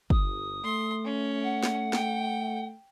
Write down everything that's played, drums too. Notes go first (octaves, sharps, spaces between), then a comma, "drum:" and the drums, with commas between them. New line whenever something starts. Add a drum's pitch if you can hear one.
G1 D#6, drum: kick
A3 C6
C#4
F#5
drum: snare
G5, drum: snare